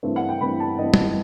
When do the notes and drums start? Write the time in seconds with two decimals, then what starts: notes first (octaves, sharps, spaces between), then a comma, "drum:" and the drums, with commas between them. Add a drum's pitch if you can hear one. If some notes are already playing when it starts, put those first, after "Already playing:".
0.03 G2 E3 A3 C4
0.16 F#5
0.29 G5
0.41 G2 E3 A3 C4 B5
0.60 A5
0.78 G2 E3 A3 C4 D#5
0.94 drum: tom